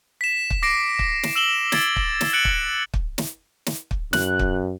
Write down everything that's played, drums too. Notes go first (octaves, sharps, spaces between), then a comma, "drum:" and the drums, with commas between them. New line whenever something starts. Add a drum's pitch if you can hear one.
B6 E7
drum: kick
D6 A#6 C7 D7
drum: kick
drum: snare
E6 E7 F#7 G7
G#6 A6 D7, drum: snare
drum: kick
drum: snare
F#6 A6 C#7 D7 F#7
drum: kick
drum: kick
drum: snare
drum: snare
drum: kick
F#2 F#6, drum: snare
drum: kick